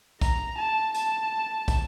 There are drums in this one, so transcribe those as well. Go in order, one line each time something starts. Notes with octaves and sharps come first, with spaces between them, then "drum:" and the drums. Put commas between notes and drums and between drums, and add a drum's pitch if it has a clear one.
A#5, drum: kick, hi-hat
A5
A5, drum: hi-hat
drum: kick, hi-hat